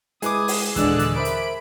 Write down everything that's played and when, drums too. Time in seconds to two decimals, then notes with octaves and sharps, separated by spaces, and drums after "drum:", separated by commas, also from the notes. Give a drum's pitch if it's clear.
0.22 G#3 E4 G#4 B4 G#5 D6 D#6, drum: hi-hat
0.48 drum: open hi-hat
0.76 D#2 A#2 D3 E3 G#3 D5 E6 F#6, drum: kick, hi-hat
0.99 drum: hi-hat
1.16 A#4 C5 E5 B5 D7
1.25 drum: hi-hat